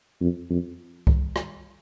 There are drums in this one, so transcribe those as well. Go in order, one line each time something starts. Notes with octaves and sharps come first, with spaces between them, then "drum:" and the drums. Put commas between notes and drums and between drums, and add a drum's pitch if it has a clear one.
F2
F2
drum: kick C2
drum: rim click